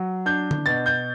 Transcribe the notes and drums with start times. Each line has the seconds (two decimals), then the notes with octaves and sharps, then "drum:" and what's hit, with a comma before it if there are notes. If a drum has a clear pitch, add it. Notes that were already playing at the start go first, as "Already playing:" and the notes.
Already playing: F#3
0.26 D4 G6
0.51 drum: tom D3
0.66 B2 A6
0.86 G6